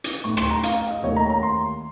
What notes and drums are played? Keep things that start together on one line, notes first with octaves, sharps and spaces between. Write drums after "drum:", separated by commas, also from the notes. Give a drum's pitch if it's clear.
drum: hi-hat
A2 A3 D#4 C#6
C6, drum: rim click
A#5
F5, drum: hi-hat
F5
D#5
D#2 D#3 A3 C#5
A#5
A#5
C6